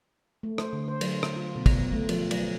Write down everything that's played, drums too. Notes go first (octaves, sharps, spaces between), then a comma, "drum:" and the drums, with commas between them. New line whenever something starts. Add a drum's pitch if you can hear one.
A3
C5, drum: rim click
D3
C5
F#3, drum: cymbal
drum: rim click
F4
B2
drum: kick, cymbal
A3
F3, drum: cymbal
F#3, drum: cymbal